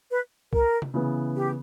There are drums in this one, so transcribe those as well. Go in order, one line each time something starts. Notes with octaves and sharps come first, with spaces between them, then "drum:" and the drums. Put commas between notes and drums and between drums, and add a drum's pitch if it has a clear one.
B4
A#4, drum: kick C2
drum: tom C3
C#3 E3 B3
G4